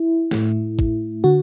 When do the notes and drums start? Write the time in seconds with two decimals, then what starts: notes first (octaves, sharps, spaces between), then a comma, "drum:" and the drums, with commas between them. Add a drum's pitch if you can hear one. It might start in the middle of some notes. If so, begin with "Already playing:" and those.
Already playing: E4
0.31 A2 A3, drum: snare
0.79 drum: kick
1.24 D3 F#4